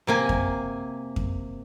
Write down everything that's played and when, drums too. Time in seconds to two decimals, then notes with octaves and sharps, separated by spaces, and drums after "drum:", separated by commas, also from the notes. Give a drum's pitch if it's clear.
0.07 C3 A#3 G#5
0.29 drum: kick F2
1.16 drum: kick F2